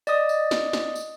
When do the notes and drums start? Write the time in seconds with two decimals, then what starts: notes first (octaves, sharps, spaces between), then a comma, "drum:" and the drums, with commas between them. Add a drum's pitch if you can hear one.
0.07 D5 D#5 D#6, drum: tambourine
0.29 drum: tambourine
0.51 drum: snare
0.73 drum: snare
0.95 drum: tambourine